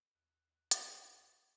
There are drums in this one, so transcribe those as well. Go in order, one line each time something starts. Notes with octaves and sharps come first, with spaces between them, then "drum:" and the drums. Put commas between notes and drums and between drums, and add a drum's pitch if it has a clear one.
D#2 F#6
drum: hi-hat
A5